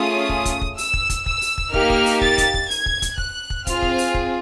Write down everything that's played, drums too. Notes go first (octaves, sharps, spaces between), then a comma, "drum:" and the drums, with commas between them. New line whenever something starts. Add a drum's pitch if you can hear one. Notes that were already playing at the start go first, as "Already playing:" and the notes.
Already playing: A3 C#4 F4 G#4 D#6
drum: kick
drum: kick, hi-hat
drum: kick
E6, drum: open hi-hat
drum: kick
drum: kick, hi-hat
E6, drum: kick
drum: open hi-hat
drum: kick
A#3 D#4 G4 F6, drum: kick
drum: kick
drum: open hi-hat
A6, drum: kick
drum: kick, hi-hat
drum: kick
G#6, drum: open hi-hat
drum: kick
drum: kick, hi-hat
F#6, drum: kick
drum: kick
C4 F4 G#4 F6, drum: kick, hi-hat
drum: kick
drum: open hi-hat
drum: kick